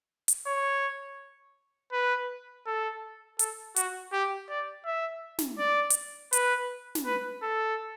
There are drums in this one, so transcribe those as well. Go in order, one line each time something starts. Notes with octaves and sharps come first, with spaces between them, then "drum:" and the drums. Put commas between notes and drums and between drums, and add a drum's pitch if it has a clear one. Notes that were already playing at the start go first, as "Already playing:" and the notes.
drum: hi-hat
C#5
B4
A4
A4, drum: hi-hat
F#4, drum: hi-hat
G4
D5
E5
drum: snare
D5
drum: hi-hat
B4, drum: hi-hat
drum: snare
B4
A4